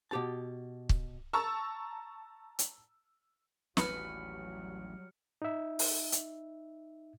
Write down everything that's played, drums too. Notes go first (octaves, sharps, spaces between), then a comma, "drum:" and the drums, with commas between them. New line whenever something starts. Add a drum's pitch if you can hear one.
B2 G4 A5
drum: kick
A5 A#5 C#6 E6
drum: hi-hat
A1 D#2 F#3 G3 B4 F6 C#7, drum: snare
D#4 E5
drum: open hi-hat
drum: hi-hat